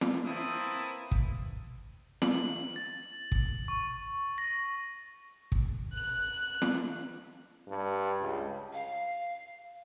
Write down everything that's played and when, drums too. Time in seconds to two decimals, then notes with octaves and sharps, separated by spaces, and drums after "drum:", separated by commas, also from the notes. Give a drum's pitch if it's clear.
0.01 drum: snare
0.25 A#3 C4 E4 B4 A5 D#6
1.11 drum: kick
2.22 F#7, drum: snare
2.76 A6
3.32 drum: kick
3.68 C#6
4.38 A#6
5.52 drum: kick
5.94 F#6
6.62 drum: snare
7.67 G2
8.21 C#2
8.73 F5